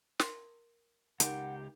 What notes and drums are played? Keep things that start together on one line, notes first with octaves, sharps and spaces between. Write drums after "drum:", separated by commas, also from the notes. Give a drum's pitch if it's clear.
A#4 C6, drum: snare
C#2 D#4 G4 A#4 F#5, drum: hi-hat